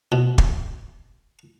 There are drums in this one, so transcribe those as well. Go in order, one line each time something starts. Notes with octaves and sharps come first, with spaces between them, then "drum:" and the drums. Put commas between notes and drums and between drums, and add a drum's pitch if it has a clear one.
B2
drum: kick